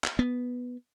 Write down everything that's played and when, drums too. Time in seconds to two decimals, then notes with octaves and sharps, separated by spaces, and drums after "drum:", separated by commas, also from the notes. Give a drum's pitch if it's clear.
0.04 drum: clap
0.19 B3